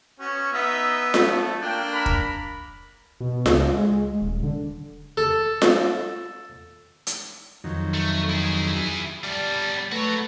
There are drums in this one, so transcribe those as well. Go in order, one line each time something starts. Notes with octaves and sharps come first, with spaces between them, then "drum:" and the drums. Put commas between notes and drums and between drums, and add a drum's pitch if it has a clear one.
B3 C#4 F#4
B3 D#4 D#5 E5 E6
A3, drum: snare F4
A#3 D4 G5
A#4 B5
drum: kick
B2
C#2, drum: snare F4
G#3
D#1
D3
A4
drum: snare F4
drum: hi-hat
F2 D#3 F#3
A3
E4 G#4
G3 B3 D5 A5
A3 F#4 B4 C#5